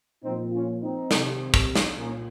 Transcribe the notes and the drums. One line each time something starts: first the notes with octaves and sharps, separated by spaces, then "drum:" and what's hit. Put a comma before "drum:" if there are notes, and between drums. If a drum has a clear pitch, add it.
A#2 F3 C4 D#4
C#4 F4
C4 D#4
C3 D#3, drum: snare
drum: kick
drum: snare
A#2 A#3 C#4